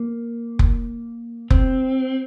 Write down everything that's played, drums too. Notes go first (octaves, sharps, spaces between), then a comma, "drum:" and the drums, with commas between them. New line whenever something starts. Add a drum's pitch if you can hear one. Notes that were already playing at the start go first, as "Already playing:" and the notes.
Already playing: A#3
drum: kick F1
C4, drum: kick F1